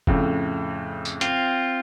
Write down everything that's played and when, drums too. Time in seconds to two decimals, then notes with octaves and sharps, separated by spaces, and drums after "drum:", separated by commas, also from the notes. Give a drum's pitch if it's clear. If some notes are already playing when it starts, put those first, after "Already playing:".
0.07 F2 A2 C#3, drum: kick
1.05 drum: tambourine
1.21 C4 F4, drum: hi-hat